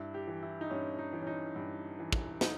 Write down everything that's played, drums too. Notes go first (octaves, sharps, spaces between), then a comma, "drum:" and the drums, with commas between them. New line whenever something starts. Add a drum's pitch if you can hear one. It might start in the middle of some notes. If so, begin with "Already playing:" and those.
Already playing: G2 E4
G4
E3
E4
D#4
G2 C#4
D#4
E3
C#4
D#4
G2
E3
drum: kick
D#4, drum: snare